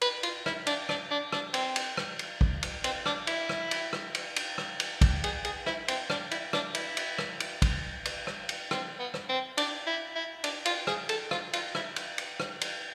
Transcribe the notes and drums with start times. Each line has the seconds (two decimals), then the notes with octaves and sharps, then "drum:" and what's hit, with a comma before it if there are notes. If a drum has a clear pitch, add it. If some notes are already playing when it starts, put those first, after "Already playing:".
0.01 B4, drum: cymbal
0.23 F4, drum: cymbal
0.46 E4, drum: rim click
0.67 D4, drum: cymbal
0.89 D4, drum: rim click
1.11 D4
1.33 D4, drum: rim click
1.54 C4, drum: cymbal
1.76 drum: cymbal
1.97 drum: rim click
2.19 drum: cymbal
2.41 drum: kick
2.63 drum: cymbal
2.84 C4, drum: cymbal
3.06 D4, drum: rim click
3.27 E4, drum: cymbal
3.49 drum: rim click
3.71 drum: cymbal
3.93 drum: rim click
4.15 drum: cymbal
4.36 drum: cymbal
4.58 drum: rim click
4.80 drum: cymbal
5.01 drum: kick, cymbal
5.24 G#4, drum: cymbal
5.45 G#4, drum: cymbal
5.66 E4, drum: rim click
5.88 C4, drum: cymbal
6.10 D4, drum: rim click
6.31 E4, drum: cymbal
6.53 D4, drum: rim click
6.75 E4, drum: cymbal
6.97 drum: cymbal
7.19 drum: rim click
7.40 drum: cymbal
7.62 drum: kick, cymbal
8.05 drum: cymbal
8.27 drum: rim click
8.49 drum: cymbal
8.71 C4, drum: rim click
8.99 B3
9.14 drum: rim click
9.29 C4
9.58 D4, drum: cymbal
9.87 E4
10.15 E4
10.44 D4, drum: cymbal
10.65 F4, drum: cymbal
10.87 G#4, drum: rim click
11.09 A4, drum: cymbal
11.31 F4, drum: rim click
11.53 F4, drum: cymbal
11.75 E4, drum: rim click
11.96 drum: cymbal
12.18 drum: cymbal
12.40 drum: rim click
12.61 drum: cymbal